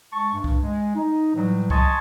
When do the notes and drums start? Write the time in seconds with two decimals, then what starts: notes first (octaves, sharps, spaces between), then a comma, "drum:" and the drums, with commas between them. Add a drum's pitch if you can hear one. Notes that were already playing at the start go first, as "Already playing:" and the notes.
0.12 G#3 A5 C#6
0.33 G2
0.44 drum: kick C2
0.62 G#3
0.95 D#4
1.34 A2 E3 F#3 G3
1.70 D#5 G#5 A5 C6 C#6, drum: kick C2